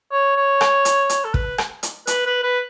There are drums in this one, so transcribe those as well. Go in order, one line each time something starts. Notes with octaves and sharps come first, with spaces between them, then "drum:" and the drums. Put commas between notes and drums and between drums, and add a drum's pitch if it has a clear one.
C#5
C#5
drum: rim click
drum: hi-hat
drum: hi-hat
A4
B4, drum: kick
drum: rim click
drum: hi-hat
B4, drum: hi-hat
B4
B4